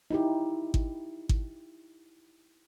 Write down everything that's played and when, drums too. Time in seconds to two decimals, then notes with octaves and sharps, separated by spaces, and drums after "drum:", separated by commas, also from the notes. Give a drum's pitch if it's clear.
0.11 D#4 E4 G4
0.74 drum: kick G#1
1.29 drum: kick G#1